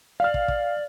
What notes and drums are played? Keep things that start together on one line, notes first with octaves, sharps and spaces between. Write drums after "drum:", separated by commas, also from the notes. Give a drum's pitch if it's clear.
D5 F5 F6
drum: kick
drum: kick